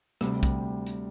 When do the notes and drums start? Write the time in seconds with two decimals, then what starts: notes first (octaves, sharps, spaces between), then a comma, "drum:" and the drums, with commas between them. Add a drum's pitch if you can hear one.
0.21 D2 C3 G3, drum: rim click
0.43 drum: kick, hi-hat
0.86 drum: hi-hat